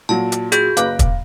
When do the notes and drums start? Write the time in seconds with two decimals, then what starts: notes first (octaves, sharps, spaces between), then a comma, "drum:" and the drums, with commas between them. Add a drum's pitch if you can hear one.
0.09 A#2 F#3 A5
0.32 drum: hi-hat
0.52 F#4 G#4 G6, drum: hi-hat
0.77 F#1 B4 F5 D6, drum: hi-hat
0.99 drum: kick, hi-hat